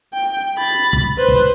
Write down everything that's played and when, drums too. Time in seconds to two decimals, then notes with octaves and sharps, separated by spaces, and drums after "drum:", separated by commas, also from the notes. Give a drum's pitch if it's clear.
0.13 G5
0.58 B5 A6
0.93 drum: kick
1.18 B4 C5
1.28 drum: kick